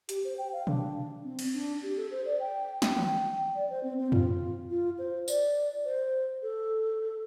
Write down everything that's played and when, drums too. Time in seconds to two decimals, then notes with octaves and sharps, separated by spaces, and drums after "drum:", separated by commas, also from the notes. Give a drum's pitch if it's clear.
0.09 G4, drum: hi-hat
0.24 C5
0.38 G5
0.53 F5
0.67 D4, drum: tom B2
1.24 C4
1.39 drum: cymbal
1.54 D4
1.83 G4
1.97 A4
2.11 C5
2.25 D5
2.40 G5
2.82 drum: snare
2.97 G5, drum: tom D#3
3.55 D5
3.70 C5
3.83 C4
3.98 C4
4.12 F4, drum: tom F2
4.70 F4
4.98 C5
5.28 D5, drum: tambourine
5.85 C5
6.43 A4